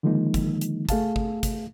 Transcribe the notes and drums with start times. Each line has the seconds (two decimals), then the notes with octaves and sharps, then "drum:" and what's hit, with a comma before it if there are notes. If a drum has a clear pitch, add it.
0.03 D3 D#3 F3 G#3 A#3 D#4
0.34 drum: kick, hi-hat
0.61 drum: hi-hat
0.89 A3 G#4 F5 A5, drum: kick, hi-hat
1.16 drum: kick
1.43 drum: kick, hi-hat